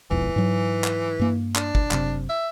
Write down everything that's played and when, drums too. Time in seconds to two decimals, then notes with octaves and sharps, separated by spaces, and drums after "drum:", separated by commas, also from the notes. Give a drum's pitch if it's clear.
0.11 E1 B1 F2 E3
0.36 G#2 F#3
0.84 drum: clap
1.19 G2 A#3
1.55 D4, drum: clap
1.75 drum: kick
1.91 F#1 C3, drum: clap
2.29 E5